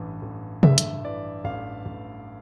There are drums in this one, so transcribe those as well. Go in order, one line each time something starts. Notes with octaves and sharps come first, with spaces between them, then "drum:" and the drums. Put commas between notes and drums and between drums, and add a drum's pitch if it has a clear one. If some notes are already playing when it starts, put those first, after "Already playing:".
Already playing: A1 G2 E3
A1
G2 E5, drum: tom C3
drum: hi-hat
E3 D5
A1 F5
A1